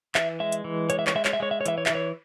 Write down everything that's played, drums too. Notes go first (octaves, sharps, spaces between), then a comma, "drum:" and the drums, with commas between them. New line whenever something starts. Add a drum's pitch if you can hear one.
E3 E5, drum: clap
G#3 E5
drum: hi-hat
E3
G#3 C#5, drum: hi-hat
E5
C#5, drum: clap
G#3 E5
C#5, drum: clap
E5
G#3 C#5
E5
C#5
E3 E5, drum: hi-hat
C#5
E5, drum: clap
E3
C#5